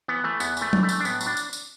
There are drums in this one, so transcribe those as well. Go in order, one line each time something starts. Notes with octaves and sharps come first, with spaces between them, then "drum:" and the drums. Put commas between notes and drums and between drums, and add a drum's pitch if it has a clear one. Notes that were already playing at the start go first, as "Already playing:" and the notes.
E3 B3
E3 A3
E2 B3, drum: tambourine
E3 A3, drum: tambourine
E3, drum: tom F#3
A3
E3, drum: tambourine
D4
A2 B3, drum: tambourine
F#3, drum: tambourine
D4
drum: tambourine
drum: tambourine